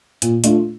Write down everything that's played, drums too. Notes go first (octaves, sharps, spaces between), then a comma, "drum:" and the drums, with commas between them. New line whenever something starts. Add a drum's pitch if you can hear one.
A#2, drum: hi-hat
A3 D4 F4, drum: hi-hat